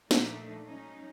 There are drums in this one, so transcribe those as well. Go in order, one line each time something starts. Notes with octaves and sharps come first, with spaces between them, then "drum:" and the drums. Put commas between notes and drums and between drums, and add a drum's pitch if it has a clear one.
A#2 F3 A3 D4 D#4, drum: snare
F#3 C#4 D#4